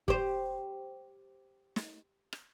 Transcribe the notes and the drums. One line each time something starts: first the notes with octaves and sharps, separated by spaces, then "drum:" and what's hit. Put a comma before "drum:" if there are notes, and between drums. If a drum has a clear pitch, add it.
G4 C5, drum: kick
drum: snare
drum: rim click